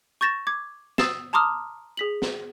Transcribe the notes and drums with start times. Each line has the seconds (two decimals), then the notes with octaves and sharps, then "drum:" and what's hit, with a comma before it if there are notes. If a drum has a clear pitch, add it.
0.21 C#6 G6 A6 A#6 E7
0.47 D6 G#6
0.98 D#6 E6 A6 C7 E7, drum: snare
1.33 A5 A#5 C6 D6 D#6 F6
1.97 G#4 B6 F#7
2.22 drum: snare